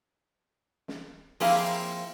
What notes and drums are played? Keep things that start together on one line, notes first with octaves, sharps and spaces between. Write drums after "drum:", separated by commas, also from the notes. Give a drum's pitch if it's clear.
drum: snare
F3 A#3 C4 E4 G#4 F5, drum: open hi-hat